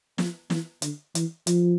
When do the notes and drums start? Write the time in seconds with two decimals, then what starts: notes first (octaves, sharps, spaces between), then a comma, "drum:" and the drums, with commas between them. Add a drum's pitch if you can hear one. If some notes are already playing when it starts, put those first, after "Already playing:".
0.18 F3, drum: snare
0.50 E3, drum: snare
0.82 D3, drum: hi-hat
1.15 E3, drum: hi-hat
1.47 F3, drum: hi-hat